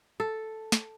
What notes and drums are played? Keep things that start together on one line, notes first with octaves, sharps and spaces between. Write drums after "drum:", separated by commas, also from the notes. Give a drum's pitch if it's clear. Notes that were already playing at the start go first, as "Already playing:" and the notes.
A4
drum: snare